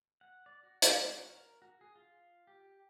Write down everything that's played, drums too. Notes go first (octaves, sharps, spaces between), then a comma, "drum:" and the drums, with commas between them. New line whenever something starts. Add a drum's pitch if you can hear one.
F#5
D5
F#4
drum: hi-hat
G#3
F#4
A#4
F#4
G#4
F4
G4